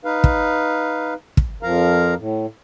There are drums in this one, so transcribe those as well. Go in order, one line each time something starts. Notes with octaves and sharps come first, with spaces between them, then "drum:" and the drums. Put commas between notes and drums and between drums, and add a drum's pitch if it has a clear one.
D#4 B4 F5
drum: kick
drum: kick
F2 F3 A#4 F5 A#5
A2